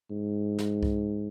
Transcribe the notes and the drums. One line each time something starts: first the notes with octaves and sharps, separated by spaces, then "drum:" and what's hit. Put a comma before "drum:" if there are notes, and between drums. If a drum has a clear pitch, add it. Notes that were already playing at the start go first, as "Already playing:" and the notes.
G#2
drum: snare
drum: kick C2